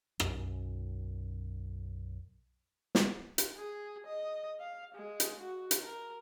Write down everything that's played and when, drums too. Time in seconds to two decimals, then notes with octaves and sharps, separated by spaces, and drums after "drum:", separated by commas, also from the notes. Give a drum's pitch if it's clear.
0.20 B1 F#2 C#4, drum: rim click
2.95 drum: snare
3.38 drum: hi-hat
3.57 G#4
4.06 D#5
4.60 F5
4.95 G#3
5.20 drum: hi-hat
5.40 F#4
5.71 drum: hi-hat
5.81 A#4